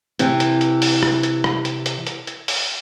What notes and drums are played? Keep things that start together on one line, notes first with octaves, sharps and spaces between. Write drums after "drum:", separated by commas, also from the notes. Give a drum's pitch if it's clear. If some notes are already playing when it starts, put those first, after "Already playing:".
C3 E3, drum: hi-hat
drum: hi-hat
drum: hi-hat
drum: open hi-hat
drum: rim click
drum: hi-hat
drum: rim click
drum: hi-hat
drum: hi-hat
drum: hi-hat
drum: hi-hat
drum: open hi-hat